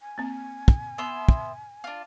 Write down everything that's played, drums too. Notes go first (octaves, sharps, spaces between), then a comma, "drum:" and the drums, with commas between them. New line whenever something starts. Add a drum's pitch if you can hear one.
G#5
A#3 C4
drum: kick
B3 E5 C6
drum: kick
D4 F4